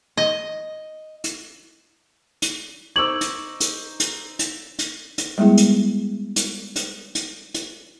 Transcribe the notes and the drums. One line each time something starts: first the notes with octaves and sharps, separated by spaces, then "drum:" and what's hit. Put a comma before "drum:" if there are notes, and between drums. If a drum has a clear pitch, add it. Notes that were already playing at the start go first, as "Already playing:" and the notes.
D#5
drum: hi-hat
drum: hi-hat
D#4 C5 C#6 D6 E6 G#6 F#7
drum: hi-hat
drum: hi-hat
drum: hi-hat
drum: hi-hat
drum: hi-hat
drum: hi-hat
G3 G#3 B3 E4 G#4
drum: hi-hat
drum: hi-hat
drum: hi-hat
drum: hi-hat
drum: hi-hat